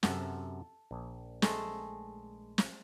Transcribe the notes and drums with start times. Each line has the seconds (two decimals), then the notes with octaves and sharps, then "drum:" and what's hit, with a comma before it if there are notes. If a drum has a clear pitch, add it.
0.03 F#2 C3 A4 F#5, drum: snare
0.91 A#1
1.42 G#3 A3 A4, drum: snare
2.58 drum: snare